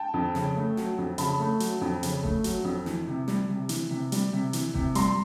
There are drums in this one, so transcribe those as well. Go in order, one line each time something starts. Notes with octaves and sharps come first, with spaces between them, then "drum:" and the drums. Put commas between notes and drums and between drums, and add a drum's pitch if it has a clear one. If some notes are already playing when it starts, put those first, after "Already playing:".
Already playing: G5 A5
F2
C#3, drum: snare
A3
F#3, drum: snare
F2
C#3 A5 B5, drum: hi-hat
A3
F#3, drum: hi-hat
F2
C#3, drum: hi-hat
A3, drum: kick F#1
F#3, drum: hi-hat
F2
E3, drum: snare
C3
G3, drum: snare
C3
E3, drum: hi-hat
C3
G3, drum: hi-hat
C3
E3, drum: hi-hat
C3, drum: kick F#1
G3 A#5 C6, drum: hi-hat